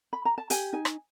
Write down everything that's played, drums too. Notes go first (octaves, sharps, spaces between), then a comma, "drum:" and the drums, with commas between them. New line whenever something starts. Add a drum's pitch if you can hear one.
B5
A#5
A5
G4 G#5, drum: hi-hat
D#4 G#5
drum: rim click